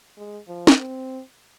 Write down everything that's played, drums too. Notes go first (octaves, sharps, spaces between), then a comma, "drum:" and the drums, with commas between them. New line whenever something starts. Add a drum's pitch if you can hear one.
G#3
F3
drum: snare
C4